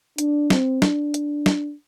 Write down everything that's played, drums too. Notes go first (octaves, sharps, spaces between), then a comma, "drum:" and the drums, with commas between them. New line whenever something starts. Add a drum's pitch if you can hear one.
D4, drum: hi-hat
C4, drum: snare
D4, drum: snare
drum: hi-hat
drum: snare